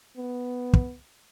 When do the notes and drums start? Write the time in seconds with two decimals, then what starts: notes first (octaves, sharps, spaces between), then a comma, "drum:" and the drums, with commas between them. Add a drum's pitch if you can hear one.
0.17 B3
0.73 drum: kick